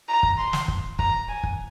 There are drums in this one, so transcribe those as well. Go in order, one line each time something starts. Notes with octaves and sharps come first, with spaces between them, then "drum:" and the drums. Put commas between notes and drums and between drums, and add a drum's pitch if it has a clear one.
A#5
drum: kick
C6
drum: snare
drum: kick
A#5, drum: kick
G#5
drum: kick